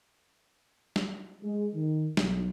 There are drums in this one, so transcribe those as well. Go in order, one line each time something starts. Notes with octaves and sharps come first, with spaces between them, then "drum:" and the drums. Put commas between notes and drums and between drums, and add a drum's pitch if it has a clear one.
drum: snare
G#3
D#3
B1, drum: snare